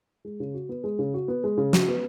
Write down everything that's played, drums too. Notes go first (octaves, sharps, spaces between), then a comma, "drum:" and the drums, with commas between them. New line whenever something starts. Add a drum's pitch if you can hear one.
G#3
C#3
F#4
B3
G#3
C#3
F#4
B3
G#3
C#3
F#4, drum: snare
B3